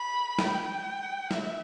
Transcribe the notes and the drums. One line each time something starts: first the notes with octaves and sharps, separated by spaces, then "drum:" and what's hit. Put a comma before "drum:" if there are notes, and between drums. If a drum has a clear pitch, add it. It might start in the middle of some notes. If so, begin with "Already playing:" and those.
Already playing: B5
G5, drum: snare
E5, drum: snare